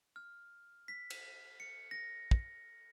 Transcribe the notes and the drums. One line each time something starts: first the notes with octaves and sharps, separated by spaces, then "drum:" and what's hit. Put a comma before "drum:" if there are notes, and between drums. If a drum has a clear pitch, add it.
F6
B6
drum: cymbal
C#7
A#6
drum: kick